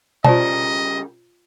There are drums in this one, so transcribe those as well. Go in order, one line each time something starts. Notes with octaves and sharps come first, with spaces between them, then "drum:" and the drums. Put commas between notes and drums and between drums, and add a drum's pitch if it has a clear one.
C#3 G3 F4 A#4 C5 D5 D#5 A5, drum: tom B2